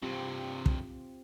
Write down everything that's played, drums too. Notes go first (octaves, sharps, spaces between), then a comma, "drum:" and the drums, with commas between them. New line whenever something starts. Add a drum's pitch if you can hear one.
G2 C3 C4 F4 G4
drum: kick